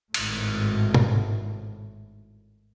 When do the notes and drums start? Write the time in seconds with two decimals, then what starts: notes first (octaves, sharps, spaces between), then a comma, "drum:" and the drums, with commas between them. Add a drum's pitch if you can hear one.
0.14 G#1 A2, drum: cymbal
0.94 drum: tom